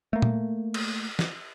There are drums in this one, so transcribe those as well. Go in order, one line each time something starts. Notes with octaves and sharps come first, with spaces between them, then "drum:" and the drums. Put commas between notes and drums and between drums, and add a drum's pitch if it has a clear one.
A3 A#3
drum: tom A#2
drum: cymbal
drum: snare